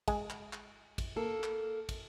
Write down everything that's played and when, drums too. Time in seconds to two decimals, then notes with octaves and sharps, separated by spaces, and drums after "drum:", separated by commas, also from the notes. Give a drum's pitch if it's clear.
0.08 G#3, drum: kick, cymbal
0.30 drum: clap
0.53 drum: clap
0.98 drum: kick, cymbal
1.16 A#3 A4
1.43 drum: clap
1.89 drum: kick, cymbal